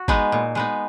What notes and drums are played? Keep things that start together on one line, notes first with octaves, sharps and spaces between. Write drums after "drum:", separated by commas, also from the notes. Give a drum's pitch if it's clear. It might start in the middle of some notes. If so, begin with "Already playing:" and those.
Already playing: F#4
G#3 B3 D#4, drum: kick
A#2
G#3 B3 D#4